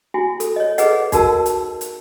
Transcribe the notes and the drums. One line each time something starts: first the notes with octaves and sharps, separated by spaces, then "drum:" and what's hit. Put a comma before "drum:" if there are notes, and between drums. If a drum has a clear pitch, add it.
E4 F#4 G#5
A4, drum: hi-hat
C#5 D#5
G#4 A4 B4 C#5 D#5 F#5, drum: hi-hat
D#4 F#4 A#4 A5 E6, drum: kick, hi-hat
drum: hi-hat
drum: hi-hat